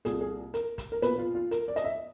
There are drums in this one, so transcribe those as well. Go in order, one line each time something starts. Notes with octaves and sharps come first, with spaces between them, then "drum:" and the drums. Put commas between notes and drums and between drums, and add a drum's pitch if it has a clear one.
C2 A#2 G#4, drum: hi-hat
G#4
A#4, drum: hi-hat
drum: kick, hi-hat
A#4
B1 A#2 B4, drum: hi-hat
F4
F4
A#4, drum: hi-hat
D5
D#5, drum: hi-hat
E5